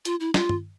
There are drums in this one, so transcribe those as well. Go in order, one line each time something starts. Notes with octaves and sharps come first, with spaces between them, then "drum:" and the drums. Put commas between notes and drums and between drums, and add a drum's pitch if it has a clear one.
F4, drum: hi-hat
E4
F4, drum: snare
drum: tom G2